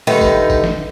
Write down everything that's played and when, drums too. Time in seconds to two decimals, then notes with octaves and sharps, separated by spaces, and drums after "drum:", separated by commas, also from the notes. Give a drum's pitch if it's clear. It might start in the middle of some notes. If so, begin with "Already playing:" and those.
0.07 D3 D#3 G3 A3 D#4 B4
0.21 drum: kick, tambourine
0.50 drum: kick, tambourine
0.64 drum: snare